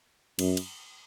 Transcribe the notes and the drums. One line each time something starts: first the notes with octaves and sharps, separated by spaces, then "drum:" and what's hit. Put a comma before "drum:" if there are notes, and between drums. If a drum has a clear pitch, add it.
F#2, drum: cymbal
drum: cymbal